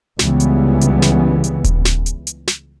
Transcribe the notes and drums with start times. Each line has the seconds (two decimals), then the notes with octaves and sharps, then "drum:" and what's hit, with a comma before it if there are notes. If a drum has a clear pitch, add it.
0.19 C#2 C#3 E3 G3 B3, drum: snare
0.40 drum: hi-hat
0.81 drum: hi-hat
1.02 drum: snare
1.44 drum: hi-hat
1.64 drum: kick D#1, hi-hat
1.85 drum: snare
2.06 drum: hi-hat
2.27 drum: hi-hat
2.47 drum: snare